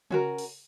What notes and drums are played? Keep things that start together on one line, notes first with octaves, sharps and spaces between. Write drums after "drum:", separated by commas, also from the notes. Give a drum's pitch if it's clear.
C#4 F#4 A#4, drum: tom C#3
drum: open hi-hat